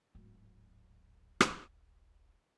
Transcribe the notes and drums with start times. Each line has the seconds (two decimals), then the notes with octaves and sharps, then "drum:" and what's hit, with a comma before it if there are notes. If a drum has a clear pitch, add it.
0.15 D1 G#1
1.41 drum: rim click